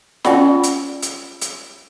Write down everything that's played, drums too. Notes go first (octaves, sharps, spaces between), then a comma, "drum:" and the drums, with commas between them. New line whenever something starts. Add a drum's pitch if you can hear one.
C#4 F4 D5 F#5 G5 B5, drum: snare
drum: hi-hat
drum: hi-hat
drum: hi-hat